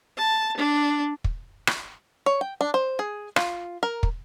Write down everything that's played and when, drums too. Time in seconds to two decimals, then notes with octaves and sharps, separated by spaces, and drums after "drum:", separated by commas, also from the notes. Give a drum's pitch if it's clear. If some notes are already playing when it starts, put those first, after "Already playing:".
0.17 A5
0.57 D4
1.24 drum: kick
1.67 drum: rim click
2.26 C#5
2.41 G5
2.61 D4
2.74 C5
2.99 G#4
3.36 F4, drum: rim click
3.83 A#4
4.03 drum: kick